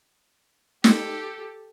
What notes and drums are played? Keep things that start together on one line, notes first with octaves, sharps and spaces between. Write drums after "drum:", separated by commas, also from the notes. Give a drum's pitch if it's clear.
G4 A4, drum: snare